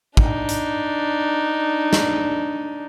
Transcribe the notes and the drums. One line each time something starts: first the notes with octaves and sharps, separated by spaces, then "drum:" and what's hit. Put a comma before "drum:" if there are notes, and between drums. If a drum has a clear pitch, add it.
D4 D#4, drum: kick
drum: hi-hat
drum: snare